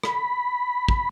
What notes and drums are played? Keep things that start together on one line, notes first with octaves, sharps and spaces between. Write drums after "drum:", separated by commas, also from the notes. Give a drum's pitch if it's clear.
B5, drum: rim click
drum: kick